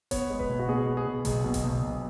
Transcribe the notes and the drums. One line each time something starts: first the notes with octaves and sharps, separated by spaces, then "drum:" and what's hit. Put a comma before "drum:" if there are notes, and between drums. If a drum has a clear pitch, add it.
B3 C#5, drum: kick E1, hi-hat
G#3
B4, drum: kick E1
B2
F#4
B2 G#4
B3
G#4
B2
B1, drum: kick E1, hi-hat
B2
drum: kick E1, hi-hat
B1
B1